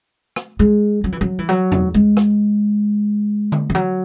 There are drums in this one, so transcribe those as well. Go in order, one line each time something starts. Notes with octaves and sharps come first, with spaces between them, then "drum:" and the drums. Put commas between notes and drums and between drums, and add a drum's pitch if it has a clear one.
drum: rim click
G#3
F#3
E3
F#3
E3
F#3
drum: tom E2
G#3
drum: rim click
drum: tom D3
E3
F#3